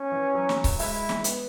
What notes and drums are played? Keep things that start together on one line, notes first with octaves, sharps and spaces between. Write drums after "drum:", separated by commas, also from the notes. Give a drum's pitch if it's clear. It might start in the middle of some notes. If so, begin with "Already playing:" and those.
Already playing: C#4
E3
F#3
drum: snare
drum: kick C#1, open hi-hat
G#3 E4, drum: open hi-hat
drum: snare
B3, drum: hi-hat